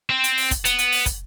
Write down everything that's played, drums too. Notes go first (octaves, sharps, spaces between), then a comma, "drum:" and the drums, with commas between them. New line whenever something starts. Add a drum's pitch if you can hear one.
C4
drum: hi-hat
drum: open hi-hat
drum: kick, hi-hat
B3, drum: hi-hat
drum: hi-hat
drum: open hi-hat
drum: kick, hi-hat